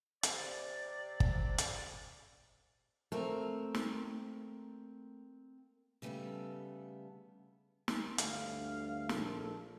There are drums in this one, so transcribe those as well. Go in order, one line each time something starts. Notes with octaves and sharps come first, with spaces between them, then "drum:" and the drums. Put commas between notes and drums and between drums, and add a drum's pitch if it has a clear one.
C3 D5, drum: hi-hat
drum: kick
drum: hi-hat
A3 A#3 C4 A#4
drum: snare
C#3 G3 A3 B3 A4
drum: snare
D2 G2 F5, drum: hi-hat
A#1 A4, drum: snare